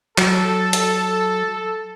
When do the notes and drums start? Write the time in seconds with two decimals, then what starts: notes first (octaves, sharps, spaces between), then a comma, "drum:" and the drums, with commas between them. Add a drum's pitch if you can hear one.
0.18 F#3 A4, drum: clap
0.73 drum: hi-hat